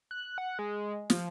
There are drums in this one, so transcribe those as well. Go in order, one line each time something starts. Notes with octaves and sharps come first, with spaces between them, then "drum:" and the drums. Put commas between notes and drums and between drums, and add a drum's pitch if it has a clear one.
F#6
F#5
G#3
F3, drum: snare